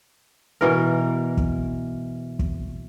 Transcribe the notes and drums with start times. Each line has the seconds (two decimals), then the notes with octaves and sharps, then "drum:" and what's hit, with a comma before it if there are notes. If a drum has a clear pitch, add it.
0.61 B2 E3 A#4
1.37 drum: kick
2.39 drum: kick